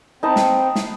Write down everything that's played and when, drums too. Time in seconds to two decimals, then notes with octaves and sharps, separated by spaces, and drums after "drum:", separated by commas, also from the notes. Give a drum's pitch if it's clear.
0.23 C4 D#4 B4 A5
0.36 drum: snare
0.76 drum: snare